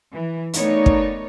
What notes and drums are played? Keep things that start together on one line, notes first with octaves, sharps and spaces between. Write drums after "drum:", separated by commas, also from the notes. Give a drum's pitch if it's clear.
E3
A3 B3 D#4 A#4 C#5 D5, drum: hi-hat
drum: kick